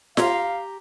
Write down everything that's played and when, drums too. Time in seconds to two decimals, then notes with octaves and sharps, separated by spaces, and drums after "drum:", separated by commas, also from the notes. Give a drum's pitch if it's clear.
0.17 G4 F5 A#5 C6 G#6, drum: snare F4